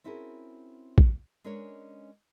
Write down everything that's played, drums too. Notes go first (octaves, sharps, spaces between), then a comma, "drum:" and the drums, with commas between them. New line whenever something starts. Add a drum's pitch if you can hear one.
C4 C#4 E4 F#4 G#4 A#4
drum: kick A#1
G#3 C#4 D4 A#4 B4 C#5